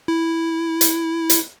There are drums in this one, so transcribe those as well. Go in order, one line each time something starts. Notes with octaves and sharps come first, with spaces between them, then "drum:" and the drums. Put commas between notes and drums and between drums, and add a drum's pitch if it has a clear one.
E4
drum: hi-hat
drum: hi-hat